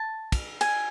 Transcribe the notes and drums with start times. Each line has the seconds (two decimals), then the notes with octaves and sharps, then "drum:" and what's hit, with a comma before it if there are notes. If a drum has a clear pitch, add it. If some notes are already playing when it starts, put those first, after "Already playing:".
Already playing: A5
0.32 drum: kick, cymbal
0.61 G#5, drum: cymbal